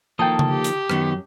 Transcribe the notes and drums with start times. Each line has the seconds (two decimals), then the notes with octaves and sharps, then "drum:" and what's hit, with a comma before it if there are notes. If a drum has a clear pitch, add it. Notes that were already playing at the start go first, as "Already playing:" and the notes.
0.19 D#3 F3 A#3 A4 G5 A5 D#6
0.39 drum: tom C#3
0.50 G4
0.64 drum: hi-hat
0.90 F#2 D#3 F#3 B3, drum: rim click